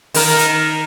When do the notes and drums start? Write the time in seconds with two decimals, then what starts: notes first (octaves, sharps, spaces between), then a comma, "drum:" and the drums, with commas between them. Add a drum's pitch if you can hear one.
0.14 D#3 A#4, drum: open hi-hat
0.39 drum: hi-hat